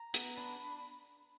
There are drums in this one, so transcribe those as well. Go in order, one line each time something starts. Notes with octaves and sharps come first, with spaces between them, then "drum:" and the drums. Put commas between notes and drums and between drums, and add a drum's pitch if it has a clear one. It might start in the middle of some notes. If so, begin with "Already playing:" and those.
Already playing: A#5
B3, drum: hi-hat
D4 B5